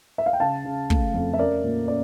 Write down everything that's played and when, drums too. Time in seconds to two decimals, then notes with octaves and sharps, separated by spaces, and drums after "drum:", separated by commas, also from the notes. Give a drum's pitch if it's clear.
0.18 E5
0.26 F5
0.33 G5
0.40 C#3 F5 A5
0.65 C#3
0.90 A3, drum: kick
1.14 F2
1.34 E5
1.39 C#4 A#4 D5
1.64 A#2
1.88 C#4 A#4 D5